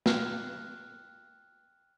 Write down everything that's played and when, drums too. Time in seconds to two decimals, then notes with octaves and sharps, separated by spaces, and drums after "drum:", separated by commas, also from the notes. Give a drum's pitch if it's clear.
0.06 G5 F6 F#6, drum: snare